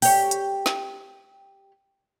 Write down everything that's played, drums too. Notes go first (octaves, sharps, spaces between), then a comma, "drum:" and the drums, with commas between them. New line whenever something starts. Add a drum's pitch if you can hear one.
G4 C#5, drum: open hi-hat
drum: hi-hat
drum: snare